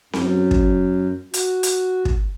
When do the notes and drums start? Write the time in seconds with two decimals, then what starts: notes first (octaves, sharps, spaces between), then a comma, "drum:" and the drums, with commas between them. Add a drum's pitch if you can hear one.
0.13 F#2, drum: snare C4
0.51 drum: kick
1.34 F#4, drum: hi-hat
1.63 drum: hi-hat
2.05 drum: kick